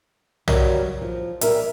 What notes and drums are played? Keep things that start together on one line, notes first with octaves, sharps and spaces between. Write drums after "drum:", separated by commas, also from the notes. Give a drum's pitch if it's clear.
F#3 G3 A#4, drum: tom
F3
G3 A#4 E5, drum: hi-hat